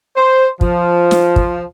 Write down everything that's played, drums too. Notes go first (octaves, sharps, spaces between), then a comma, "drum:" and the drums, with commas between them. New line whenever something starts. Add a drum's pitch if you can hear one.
C5
F3, drum: kick
drum: snare
drum: kick